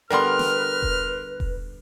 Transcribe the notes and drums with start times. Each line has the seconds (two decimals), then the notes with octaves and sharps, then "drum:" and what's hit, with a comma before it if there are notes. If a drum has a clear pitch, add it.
0.10 D3 G3 B3 A#4 B4 C6 F6
0.39 drum: snare
0.82 drum: kick E1
1.40 drum: kick E1